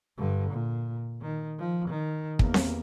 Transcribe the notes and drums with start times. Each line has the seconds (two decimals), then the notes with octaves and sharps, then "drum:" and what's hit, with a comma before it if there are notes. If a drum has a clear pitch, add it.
0.18 G2 D3
0.51 A#2
1.22 D#3
1.59 F3
1.89 D#3
2.39 E2 A#3, drum: kick
2.54 drum: snare C4